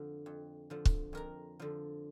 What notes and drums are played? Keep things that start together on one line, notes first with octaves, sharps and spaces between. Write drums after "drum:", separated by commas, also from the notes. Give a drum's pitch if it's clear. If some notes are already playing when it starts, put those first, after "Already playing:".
Already playing: F2 D3 F3
F2
D3 F3
drum: kick C#1
F2 A#4 A#5
D3 F3